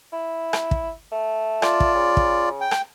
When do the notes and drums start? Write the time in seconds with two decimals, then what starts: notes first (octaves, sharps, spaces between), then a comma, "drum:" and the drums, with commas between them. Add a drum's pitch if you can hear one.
0.13 E4
0.53 drum: rim click
0.71 drum: kick
1.12 A3
1.62 F4 D5, drum: rim click
1.80 drum: kick
1.95 C#3
2.17 drum: kick
2.61 G5
2.71 drum: rim click